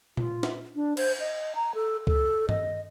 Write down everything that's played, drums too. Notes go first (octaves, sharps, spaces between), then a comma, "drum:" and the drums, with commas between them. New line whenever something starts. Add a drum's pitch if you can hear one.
F4, drum: tom A#2
drum: snare
D4
C5, drum: cymbal
D#5
A#5
A4
A4, drum: kick
D#5, drum: tom